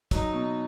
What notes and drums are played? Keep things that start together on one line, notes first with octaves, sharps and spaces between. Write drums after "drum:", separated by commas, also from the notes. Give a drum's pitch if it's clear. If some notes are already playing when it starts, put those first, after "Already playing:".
F#3 D#4, drum: kick, hi-hat
B2